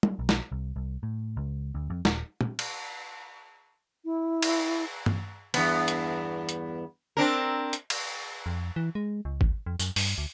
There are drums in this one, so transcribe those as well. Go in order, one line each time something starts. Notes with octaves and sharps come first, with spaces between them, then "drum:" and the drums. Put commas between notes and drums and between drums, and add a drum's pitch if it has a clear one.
drum: tom
B1
drum: snare
C2
C2
A2
C#2
D2
F2
D#1, drum: snare
drum: tom
drum: cymbal
E4
drum: cymbal
drum: tom G2
E2 G2 B3, drum: cymbal
drum: hi-hat
drum: hi-hat
C4 D4 A#4
drum: hi-hat
drum: cymbal
F2
E3
G#3
C#2
drum: kick
F2
F#2, drum: tambourine
G2, drum: open hi-hat
D2